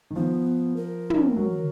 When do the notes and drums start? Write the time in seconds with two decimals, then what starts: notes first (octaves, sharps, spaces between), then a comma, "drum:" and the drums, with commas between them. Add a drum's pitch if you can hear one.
0.10 D#3
0.16 F3 B3
0.76 A#4
1.10 drum: tom
1.36 F#3